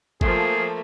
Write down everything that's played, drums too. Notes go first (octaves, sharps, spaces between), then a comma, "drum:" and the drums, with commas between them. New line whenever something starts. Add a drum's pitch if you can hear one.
F3 A3 A#3 G#4, drum: kick G1